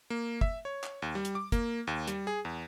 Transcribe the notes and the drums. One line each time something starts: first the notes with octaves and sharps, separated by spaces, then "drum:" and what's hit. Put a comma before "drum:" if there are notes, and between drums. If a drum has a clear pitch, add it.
A#3
E5, drum: kick
C#5
drum: clap
D#2
G3
drum: hi-hat
D6
A#3, drum: kick, hi-hat
D#2
G3, drum: hi-hat
G#4
E2